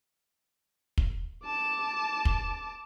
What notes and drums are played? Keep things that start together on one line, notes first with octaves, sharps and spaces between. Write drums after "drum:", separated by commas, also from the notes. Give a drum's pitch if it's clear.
drum: kick
A5 D6
drum: kick